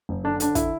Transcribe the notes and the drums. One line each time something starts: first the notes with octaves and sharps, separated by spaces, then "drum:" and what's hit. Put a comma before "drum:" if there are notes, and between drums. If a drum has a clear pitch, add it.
F#1
D3 D4
D3 D4, drum: hi-hat
D3 E4, drum: kick, hi-hat